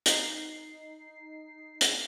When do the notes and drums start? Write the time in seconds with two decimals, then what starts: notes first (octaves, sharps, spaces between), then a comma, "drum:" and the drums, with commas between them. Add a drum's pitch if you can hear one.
0.06 D#4 C7, drum: hi-hat
1.81 drum: hi-hat